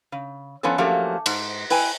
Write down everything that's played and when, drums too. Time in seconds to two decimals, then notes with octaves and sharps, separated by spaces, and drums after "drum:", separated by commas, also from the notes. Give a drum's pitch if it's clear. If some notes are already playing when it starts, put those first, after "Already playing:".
0.12 C#3
0.63 F3 B3 C#4 D4 A4
0.78 F3 F#3 A3 A#3 C#4 G4
1.26 G#2, drum: cymbal
1.70 E4 B4 G5 G#5 A#5, drum: open hi-hat